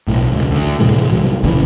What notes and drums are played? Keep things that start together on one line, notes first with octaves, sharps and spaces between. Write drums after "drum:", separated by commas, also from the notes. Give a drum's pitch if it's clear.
B1 A2
E1 C#2
D2
A2 C3 E3 G#3
C2 F#3
A#2 C#3 E3, drum: kick